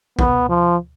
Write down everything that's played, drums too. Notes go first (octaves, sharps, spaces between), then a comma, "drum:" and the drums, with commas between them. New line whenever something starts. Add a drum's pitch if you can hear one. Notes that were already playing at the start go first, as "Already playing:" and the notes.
B3, drum: kick
F3